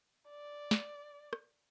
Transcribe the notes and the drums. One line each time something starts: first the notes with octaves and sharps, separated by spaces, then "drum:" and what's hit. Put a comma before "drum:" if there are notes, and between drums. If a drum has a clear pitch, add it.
D5
drum: snare
drum: rim click